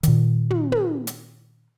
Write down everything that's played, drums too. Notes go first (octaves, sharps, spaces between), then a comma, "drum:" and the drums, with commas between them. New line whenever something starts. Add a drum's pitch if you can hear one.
A#2 D#3, drum: hi-hat
drum: tom
drum: tom
drum: hi-hat